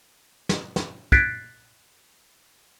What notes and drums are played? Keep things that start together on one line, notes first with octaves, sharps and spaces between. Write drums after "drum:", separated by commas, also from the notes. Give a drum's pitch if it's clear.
drum: snare
drum: snare
F#6 G#6 A6 B6 C7 D7, drum: kick